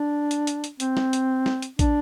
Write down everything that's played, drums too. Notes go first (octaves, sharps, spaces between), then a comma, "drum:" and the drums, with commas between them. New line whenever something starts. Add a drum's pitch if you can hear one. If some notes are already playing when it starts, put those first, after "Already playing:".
Already playing: D4
drum: hi-hat
drum: hi-hat
drum: hi-hat
C4, drum: hi-hat
drum: snare
drum: hi-hat
drum: snare
drum: hi-hat
D4, drum: kick, hi-hat